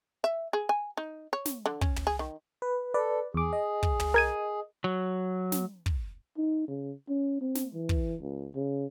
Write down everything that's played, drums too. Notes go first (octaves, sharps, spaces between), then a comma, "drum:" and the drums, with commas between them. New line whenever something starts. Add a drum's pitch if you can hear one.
E5
G#4
G#5
D#4
C#5
drum: snare
D3
C#4, drum: kick
drum: tom
G#4
D#3
B4
A4 B4 D5
E2 G#4 D6
D#5
drum: kick
drum: tom
A#4 G#6 D#7
F#3
drum: snare
drum: kick
D#4
C#3
C#4
C4
drum: snare
E3
drum: kick
C#2
C#3